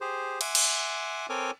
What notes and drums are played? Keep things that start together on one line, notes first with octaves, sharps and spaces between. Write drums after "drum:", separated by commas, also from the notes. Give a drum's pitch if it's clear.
G4 G#4 C5
E5 F#5 G#5 C6 D6, drum: cymbal
drum: cymbal
C4 A4 A#4 C#5 G#5 D6